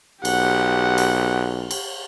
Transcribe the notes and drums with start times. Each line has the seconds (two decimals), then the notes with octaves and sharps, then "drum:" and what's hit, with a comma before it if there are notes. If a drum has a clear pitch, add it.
0.25 B1 G4 F#5, drum: cymbal
0.98 drum: cymbal
1.71 drum: cymbal